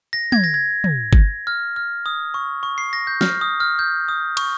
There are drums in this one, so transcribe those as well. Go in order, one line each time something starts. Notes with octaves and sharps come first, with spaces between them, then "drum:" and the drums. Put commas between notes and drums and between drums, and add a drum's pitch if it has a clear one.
A#6
G#6, drum: tom
A#6
G#6
drum: tom
drum: kick G1
F6
F6
D#6
C#6
C#6
C7
A#6
G6
F6, drum: snare
D#6
F6
G6
D#6
C#6, drum: cymbal